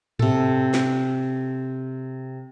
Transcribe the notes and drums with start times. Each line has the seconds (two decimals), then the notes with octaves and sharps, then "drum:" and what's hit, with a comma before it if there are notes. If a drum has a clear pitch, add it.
0.19 C3 A4, drum: tom G#2
0.74 drum: snare